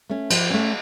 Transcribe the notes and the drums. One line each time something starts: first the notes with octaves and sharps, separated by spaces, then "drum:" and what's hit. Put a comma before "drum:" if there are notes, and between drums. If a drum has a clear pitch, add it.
A3 C#4
F3, drum: cymbal
A3 C#4